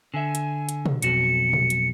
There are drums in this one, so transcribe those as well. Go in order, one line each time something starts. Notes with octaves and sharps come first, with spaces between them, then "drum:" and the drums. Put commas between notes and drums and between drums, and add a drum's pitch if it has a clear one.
D3 E5 G#5
drum: hi-hat
drum: hi-hat
drum: tom
B1 F2 F#4 C#7, drum: hi-hat
drum: tom
drum: hi-hat